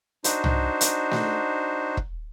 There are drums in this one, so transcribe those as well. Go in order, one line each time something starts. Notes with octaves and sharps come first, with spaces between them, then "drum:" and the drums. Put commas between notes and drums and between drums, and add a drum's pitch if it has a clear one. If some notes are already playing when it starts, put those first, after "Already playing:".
D4 D#4 F#4 C5, drum: hi-hat
drum: tom C2
drum: hi-hat
drum: snare A3
drum: kick E1